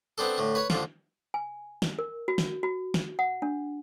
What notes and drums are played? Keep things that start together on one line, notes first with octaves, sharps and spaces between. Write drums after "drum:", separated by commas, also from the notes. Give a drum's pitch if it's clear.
B3 C4 D4 A4
A2 D3
B4 C#5
F2 D3 F4, drum: snare
G#5
drum: snare
A#4
F#4
drum: snare
F#4
drum: snare
F#5
D4